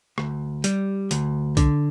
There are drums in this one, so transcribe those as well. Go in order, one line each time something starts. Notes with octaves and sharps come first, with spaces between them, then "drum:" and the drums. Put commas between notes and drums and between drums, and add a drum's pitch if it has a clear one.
D2, drum: rim click
G3, drum: hi-hat
D2, drum: hi-hat
D3, drum: kick B1, hi-hat